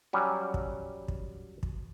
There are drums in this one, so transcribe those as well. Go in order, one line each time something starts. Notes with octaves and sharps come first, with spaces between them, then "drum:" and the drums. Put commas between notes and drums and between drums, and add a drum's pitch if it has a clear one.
F#3 G3 C#4
drum: kick
drum: kick
drum: kick